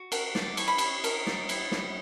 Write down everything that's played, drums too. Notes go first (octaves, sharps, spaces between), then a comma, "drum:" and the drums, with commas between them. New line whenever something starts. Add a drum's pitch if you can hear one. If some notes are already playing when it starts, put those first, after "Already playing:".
Already playing: F#4
A#4 F#5, drum: cymbal
D5, drum: snare
E4 C#6, drum: cymbal
B5
E4 C#6, drum: cymbal
A#4, drum: cymbal
D5, drum: snare
E4, drum: cymbal
E4, drum: snare